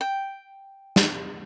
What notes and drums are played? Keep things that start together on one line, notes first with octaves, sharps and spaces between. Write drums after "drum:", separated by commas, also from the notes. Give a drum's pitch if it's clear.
G5
drum: snare